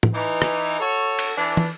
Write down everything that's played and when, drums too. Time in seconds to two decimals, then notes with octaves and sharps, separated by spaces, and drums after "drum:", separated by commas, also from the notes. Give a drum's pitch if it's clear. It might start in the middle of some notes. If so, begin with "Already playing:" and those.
0.03 drum: tom
0.13 E3 D#4
0.42 drum: rim click
0.80 F#4 A4 C#5
1.19 drum: cymbal
1.36 E3 D4
1.57 drum: tom